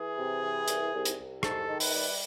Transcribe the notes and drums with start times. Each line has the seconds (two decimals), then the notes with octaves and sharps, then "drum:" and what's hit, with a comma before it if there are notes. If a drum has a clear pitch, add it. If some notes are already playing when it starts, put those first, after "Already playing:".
Already playing: E3 G#4
0.18 C3
0.43 E3
0.68 C2, drum: hi-hat
0.93 C2
1.05 drum: hi-hat
1.18 C2
1.43 G#2 A4, drum: rim click
1.69 D#3
1.80 B4, drum: open hi-hat
1.93 G3